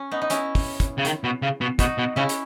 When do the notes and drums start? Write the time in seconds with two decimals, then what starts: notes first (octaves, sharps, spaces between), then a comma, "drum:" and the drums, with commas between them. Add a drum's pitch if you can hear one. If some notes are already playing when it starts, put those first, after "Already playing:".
Already playing: C#4
0.11 B3 D#4
0.22 D#4
0.30 C#4 E4, drum: hi-hat
0.55 drum: kick, open hi-hat
0.80 drum: kick, hi-hat
0.98 C#3
1.05 D#3, drum: hi-hat
1.24 B2
1.42 C#3
1.61 B2
1.79 B2 D#4 F#4, drum: kick, hi-hat
1.98 B2
2.16 C#3 C#4 E4
2.29 drum: hi-hat